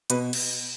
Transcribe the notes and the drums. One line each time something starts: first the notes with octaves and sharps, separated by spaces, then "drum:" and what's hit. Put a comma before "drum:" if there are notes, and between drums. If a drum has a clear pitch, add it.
B2 B4, drum: hi-hat
drum: cymbal